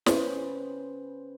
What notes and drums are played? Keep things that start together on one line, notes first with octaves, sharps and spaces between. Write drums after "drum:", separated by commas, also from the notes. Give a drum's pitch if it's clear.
C#4 B4 C5, drum: snare